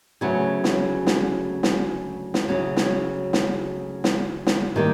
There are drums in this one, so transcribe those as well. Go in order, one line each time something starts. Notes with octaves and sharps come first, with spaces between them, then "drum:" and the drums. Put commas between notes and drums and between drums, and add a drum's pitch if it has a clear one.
D2 C#3 F#3 B3
drum: snare
drum: snare
drum: snare
drum: snare
D2 C#3 F#3
drum: snare
drum: snare
drum: snare
drum: snare
D#3 G3 A#3